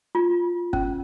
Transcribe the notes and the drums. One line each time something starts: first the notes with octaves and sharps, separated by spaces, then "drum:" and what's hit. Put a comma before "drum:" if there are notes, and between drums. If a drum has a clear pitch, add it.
F4
C#4, drum: kick F#1